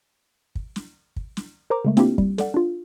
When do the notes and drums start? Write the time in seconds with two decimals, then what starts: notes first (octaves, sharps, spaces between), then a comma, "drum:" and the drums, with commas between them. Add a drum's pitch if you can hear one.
0.55 drum: kick
0.76 drum: snare
1.16 drum: kick
1.37 drum: snare
1.70 A#4 C5 A#5 D6
1.85 C#3 G#3 A3
1.97 A#3 C4 D4 E4 F4 G4, drum: snare
2.18 G3, drum: kick
2.38 A4 D5 F#5, drum: snare
2.54 D4 F4